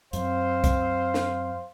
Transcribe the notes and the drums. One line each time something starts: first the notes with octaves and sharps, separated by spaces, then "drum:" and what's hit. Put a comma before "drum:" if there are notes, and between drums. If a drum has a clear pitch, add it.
F#2 C4 C5 F5, drum: hi-hat
drum: kick, hi-hat
drum: snare